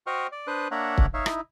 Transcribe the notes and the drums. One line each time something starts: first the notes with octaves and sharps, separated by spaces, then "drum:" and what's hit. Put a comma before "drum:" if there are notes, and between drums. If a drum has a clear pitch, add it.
F#4 C5 D#5 G5 C#6 F6
D5
D4 B4 C5 D#6 F#6
A#3 D4 C#5 E5 F#5 A#5
drum: kick
D#4 C#5 E5 F5
D#4 E4, drum: rim click